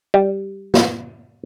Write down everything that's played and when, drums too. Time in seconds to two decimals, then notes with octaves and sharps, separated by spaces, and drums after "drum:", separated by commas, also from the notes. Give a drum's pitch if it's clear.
0.14 G3
0.74 drum: snare